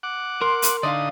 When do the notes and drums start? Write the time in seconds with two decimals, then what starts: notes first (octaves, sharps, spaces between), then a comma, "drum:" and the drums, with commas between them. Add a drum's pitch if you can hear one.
0.03 F#5 D6
0.41 A#4 C6
0.62 drum: hi-hat
0.83 D3 D#4 D5 D#5 F5 D#6